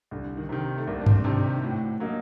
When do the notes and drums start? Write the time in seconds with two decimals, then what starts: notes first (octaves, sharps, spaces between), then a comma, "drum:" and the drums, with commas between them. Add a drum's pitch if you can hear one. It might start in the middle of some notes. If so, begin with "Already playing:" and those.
0.11 C2 D3
0.37 D#3
0.49 C3 D#3
0.77 A3
0.87 C2 A#3
1.01 D4
1.06 C4, drum: tom G2
1.24 C3 D#3 D4
1.44 G4
1.63 A2 F#4
1.71 G4
1.80 F#4
2.00 F#3 A#3 D#4